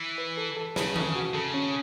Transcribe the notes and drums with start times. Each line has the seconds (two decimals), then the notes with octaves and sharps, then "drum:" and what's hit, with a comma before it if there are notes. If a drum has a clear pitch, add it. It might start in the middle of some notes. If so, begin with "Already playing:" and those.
Already playing: E3
0.18 B4
0.37 A4
0.57 A4
0.76 C#3 B4, drum: snare
0.96 A4, drum: tom D#3
1.16 F#4
1.34 C#3 A4
1.54 C#4